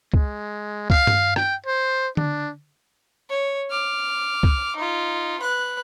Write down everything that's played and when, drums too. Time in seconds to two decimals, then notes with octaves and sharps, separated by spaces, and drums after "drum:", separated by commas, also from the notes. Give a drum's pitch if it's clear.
0.14 G#3, drum: kick
0.90 F5, drum: kick
1.07 drum: tom G2
1.36 G5, drum: rim click
1.66 C5
2.17 D4, drum: tom D3
3.29 C#5
3.71 D6 F6
4.43 drum: kick
4.76 D#4 F4
5.40 B4 F#6